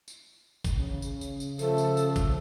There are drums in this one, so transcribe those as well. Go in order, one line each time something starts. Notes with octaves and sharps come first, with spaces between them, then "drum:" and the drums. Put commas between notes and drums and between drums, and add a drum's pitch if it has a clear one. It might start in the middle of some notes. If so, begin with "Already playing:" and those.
drum: tambourine
drum: kick, tambourine
C#3
drum: tambourine
drum: tambourine
drum: tambourine
F3 A3 A4, drum: tambourine
drum: tambourine
drum: tambourine
drum: kick, tambourine